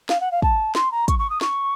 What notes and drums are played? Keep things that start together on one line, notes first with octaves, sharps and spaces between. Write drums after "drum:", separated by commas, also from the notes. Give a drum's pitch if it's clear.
F5, drum: snare
F#5
F5
A5, drum: kick
C6, drum: snare
A#5
C#6, drum: kick, hi-hat
C#6
D#6
C#6, drum: snare